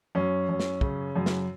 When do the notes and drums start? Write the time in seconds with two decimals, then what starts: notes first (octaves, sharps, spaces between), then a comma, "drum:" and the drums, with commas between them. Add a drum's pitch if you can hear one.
0.15 F#2 C#4
0.49 F#2
0.60 drum: snare
0.81 C#3, drum: kick
1.16 F#2
1.26 drum: snare